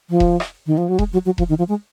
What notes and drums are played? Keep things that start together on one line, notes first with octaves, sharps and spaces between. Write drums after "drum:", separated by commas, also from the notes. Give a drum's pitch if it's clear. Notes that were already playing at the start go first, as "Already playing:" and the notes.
F3
drum: kick E1
drum: rim click
D#3
F3
F#3
G#3, drum: kick E1
F#3
F#3
F3, drum: kick E1
D#3
F3
G#3